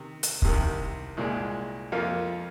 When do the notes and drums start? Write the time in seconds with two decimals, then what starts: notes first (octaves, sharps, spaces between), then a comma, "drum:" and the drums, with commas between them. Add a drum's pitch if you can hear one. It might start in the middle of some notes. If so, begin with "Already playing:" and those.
Already playing: C3 D#3
0.23 drum: hi-hat
0.42 C2 C3 D#3, drum: kick
1.17 C2 A#2 G#3
1.92 F2 F3 A#3 F4